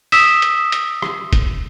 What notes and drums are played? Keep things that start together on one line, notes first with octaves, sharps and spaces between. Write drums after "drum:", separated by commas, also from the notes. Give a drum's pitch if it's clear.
D#6 E6 B6 E7, drum: open hi-hat
drum: hi-hat
drum: hi-hat
drum: rim click
drum: kick, hi-hat